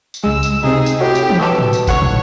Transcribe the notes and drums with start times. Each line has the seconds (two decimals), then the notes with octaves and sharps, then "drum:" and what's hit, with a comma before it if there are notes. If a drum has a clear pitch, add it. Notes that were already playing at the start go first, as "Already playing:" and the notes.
0.14 drum: tambourine
0.24 C#2 G#3 E6
0.43 drum: tambourine
0.63 C3 C4 D#4 G#4
0.86 drum: tambourine
1.00 A2 F#4 G4
1.15 drum: tambourine
1.30 drum: tom
1.41 B2 A4, drum: clap
1.59 drum: tom
1.73 drum: tambourine
1.87 C#2 C#5 F#5, drum: kick G#1, tambourine
2.02 drum: tom